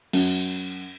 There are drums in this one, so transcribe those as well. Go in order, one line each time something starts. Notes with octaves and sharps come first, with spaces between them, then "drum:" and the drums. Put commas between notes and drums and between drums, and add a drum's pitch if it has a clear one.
F#2, drum: cymbal